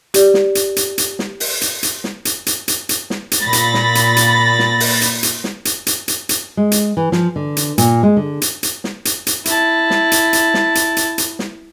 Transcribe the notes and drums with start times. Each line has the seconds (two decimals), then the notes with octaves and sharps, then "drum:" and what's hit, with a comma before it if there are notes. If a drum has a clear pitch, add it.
0.14 G4 D5, drum: hi-hat
0.34 drum: snare
0.55 drum: hi-hat
0.76 drum: hi-hat
0.98 drum: hi-hat
1.19 drum: snare
1.40 drum: open hi-hat
1.61 drum: hi-hat
1.83 drum: hi-hat
2.04 drum: snare
2.25 drum: hi-hat
2.46 drum: hi-hat
2.68 drum: hi-hat
2.89 drum: hi-hat
3.10 drum: snare
3.31 drum: hi-hat
3.42 A#2 B5 A6 A#6
3.53 drum: hi-hat
3.74 drum: snare
3.95 drum: hi-hat
4.16 drum: hi-hat
4.59 drum: snare
4.80 drum: open hi-hat
5.01 drum: hi-hat
5.23 drum: hi-hat
5.44 drum: snare
5.65 drum: hi-hat
5.87 drum: hi-hat
6.08 drum: hi-hat
6.29 drum: hi-hat
6.57 G#3
6.72 drum: hi-hat
6.97 E3
7.12 F3, drum: snare
7.36 D3
7.57 drum: hi-hat
7.78 A#2, drum: hi-hat
8.03 G#3
8.17 D3
8.42 drum: hi-hat
8.63 drum: hi-hat
8.84 drum: snare
9.05 drum: hi-hat
9.27 drum: hi-hat
9.45 E4 A5, drum: hi-hat
9.90 drum: snare
10.12 drum: hi-hat
10.33 drum: hi-hat
10.54 drum: snare
10.75 drum: hi-hat
10.97 drum: hi-hat
11.18 drum: hi-hat
11.39 drum: snare